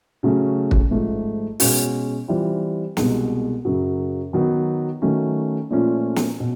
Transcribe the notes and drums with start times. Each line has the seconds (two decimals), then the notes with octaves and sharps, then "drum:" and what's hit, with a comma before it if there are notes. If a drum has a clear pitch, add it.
0.23 C#3 F#3 A3 C#4
0.71 drum: kick
0.91 G#2 F3 A3
1.60 B2 G#3 C#4 F#4, drum: open hi-hat
2.28 E3 G3 C4 F4
2.97 C2 B2 G#3, drum: snare
3.65 F#2 C#3 F#3
4.33 D#3 F#3 B3 D#4
5.02 D#3 F#3 A3 C#4
5.70 A#2 F3 A3 C#4 F4
6.16 drum: snare
6.40 B2